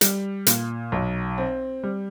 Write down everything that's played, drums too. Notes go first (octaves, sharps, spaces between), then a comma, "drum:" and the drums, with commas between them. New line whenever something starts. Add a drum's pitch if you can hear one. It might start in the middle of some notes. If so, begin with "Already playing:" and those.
G3, drum: hi-hat
A#2, drum: hi-hat
B1
C4
G3